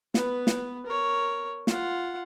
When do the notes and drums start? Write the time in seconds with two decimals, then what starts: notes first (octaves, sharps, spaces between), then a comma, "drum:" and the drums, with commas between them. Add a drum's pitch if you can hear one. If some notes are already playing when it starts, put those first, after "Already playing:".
0.14 B3 B4, drum: snare
0.47 drum: snare
0.86 A#4 C#5
1.67 F4 F#5, drum: snare